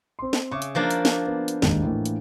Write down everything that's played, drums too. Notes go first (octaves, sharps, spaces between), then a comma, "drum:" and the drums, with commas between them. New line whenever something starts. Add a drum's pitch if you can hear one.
C4 C6
drum: snare
C#3 E5 C#6 D6
drum: hi-hat
F3 A#3 D4
drum: hi-hat
drum: snare
B3
drum: hi-hat
G#1 D#2 G#2, drum: snare
A2 E3 A#3
drum: hi-hat